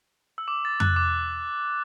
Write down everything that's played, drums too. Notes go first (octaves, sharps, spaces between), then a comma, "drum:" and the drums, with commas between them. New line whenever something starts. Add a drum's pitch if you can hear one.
E6
D6
A6
F#6, drum: tom F2
D6